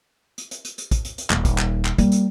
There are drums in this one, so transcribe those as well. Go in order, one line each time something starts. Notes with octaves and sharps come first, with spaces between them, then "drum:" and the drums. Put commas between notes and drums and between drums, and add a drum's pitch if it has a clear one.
drum: hi-hat
drum: hi-hat
drum: hi-hat
drum: hi-hat
drum: kick, hi-hat
drum: hi-hat
drum: hi-hat
D#1, drum: clap
drum: kick, hi-hat
drum: clap
drum: clap
G3 A#3, drum: hi-hat
drum: hi-hat